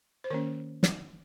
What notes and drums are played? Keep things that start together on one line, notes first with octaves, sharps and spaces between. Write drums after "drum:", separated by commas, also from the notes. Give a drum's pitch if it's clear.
C5
D#3 A#3 C#4 A#4 C#5
drum: snare